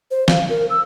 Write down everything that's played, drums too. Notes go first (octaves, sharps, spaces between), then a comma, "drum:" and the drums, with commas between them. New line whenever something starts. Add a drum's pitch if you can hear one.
C5
F5, drum: snare
A#4
E6